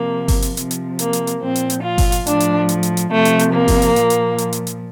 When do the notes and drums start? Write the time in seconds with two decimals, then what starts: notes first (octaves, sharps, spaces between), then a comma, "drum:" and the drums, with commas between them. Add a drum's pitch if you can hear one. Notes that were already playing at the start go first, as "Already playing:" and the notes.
Already playing: C3 F3 A#3
0.28 drum: kick G1, open hi-hat
0.42 drum: hi-hat
0.57 C3 F3, drum: hi-hat
0.71 drum: hi-hat
0.99 A#3, drum: hi-hat
1.13 drum: hi-hat
1.27 drum: hi-hat
1.41 A#2 F3 C4
1.56 drum: hi-hat
1.70 drum: hi-hat
1.83 F4
1.98 drum: kick G1, open hi-hat
2.12 drum: hi-hat
2.27 A2 F3 D4, drum: hi-hat
2.40 drum: hi-hat
2.69 drum: hi-hat
2.83 drum: hi-hat
2.97 drum: hi-hat
3.11 C3 F3 A3
3.25 drum: hi-hat
3.39 drum: hi-hat
3.53 A#3
3.68 drum: kick G1, open hi-hat
3.82 drum: hi-hat
3.96 A#2 F3, drum: hi-hat
4.10 drum: hi-hat
4.38 drum: hi-hat
4.53 drum: hi-hat
4.67 drum: hi-hat